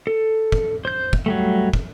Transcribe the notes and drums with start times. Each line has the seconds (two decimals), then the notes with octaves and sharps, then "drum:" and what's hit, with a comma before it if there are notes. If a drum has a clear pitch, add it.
0.07 A4
0.52 drum: kick
0.85 C5 G6
1.13 drum: kick
1.26 F#3 G3 A3
1.73 drum: kick